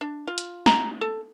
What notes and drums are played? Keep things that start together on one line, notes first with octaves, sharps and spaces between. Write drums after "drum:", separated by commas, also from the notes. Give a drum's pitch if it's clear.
D4
F4
drum: hi-hat
A#5, drum: snare
A4